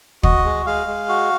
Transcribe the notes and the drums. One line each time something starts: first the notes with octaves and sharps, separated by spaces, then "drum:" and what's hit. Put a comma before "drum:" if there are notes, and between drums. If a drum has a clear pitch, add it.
F#4 D#5, drum: kick
G#3
G#3 F5
G#3
F#4